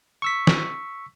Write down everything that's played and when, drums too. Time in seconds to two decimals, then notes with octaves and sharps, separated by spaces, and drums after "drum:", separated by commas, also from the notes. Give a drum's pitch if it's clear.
0.22 C#6 E6 B6
0.47 drum: snare